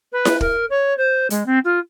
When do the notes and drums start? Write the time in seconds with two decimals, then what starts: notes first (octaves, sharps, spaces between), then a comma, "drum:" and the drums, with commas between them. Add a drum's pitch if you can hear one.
0.12 B4
0.25 drum: snare E4
0.41 A#4, drum: kick
0.70 C#5
0.97 C5
1.30 G#3, drum: hi-hat
1.46 C4
1.65 F4